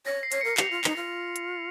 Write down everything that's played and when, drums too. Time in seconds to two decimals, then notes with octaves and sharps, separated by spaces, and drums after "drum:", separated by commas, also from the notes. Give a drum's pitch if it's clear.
0.06 C#5 A#6
0.23 C7
0.32 C#5, drum: hi-hat
0.41 C#7
0.44 A#4
0.57 G4 F7, drum: clap
0.71 F4
0.84 D#4, drum: clap
0.96 F4
1.36 drum: hi-hat